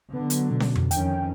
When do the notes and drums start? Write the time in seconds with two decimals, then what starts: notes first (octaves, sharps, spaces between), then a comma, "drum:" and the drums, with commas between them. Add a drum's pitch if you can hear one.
0.13 D3 F#3 B3
0.30 drum: hi-hat
0.51 B2
0.60 drum: snare C#4
0.76 drum: tom F2
0.91 F2 D#3 C#4 G5, drum: hi-hat